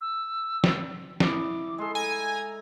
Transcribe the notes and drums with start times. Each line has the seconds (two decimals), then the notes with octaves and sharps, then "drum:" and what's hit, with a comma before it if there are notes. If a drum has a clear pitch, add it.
0.01 E6
0.64 drum: snare
1.20 E4 D#5 D6, drum: snare
1.78 G#3 A4 C6
1.95 G#5 A#5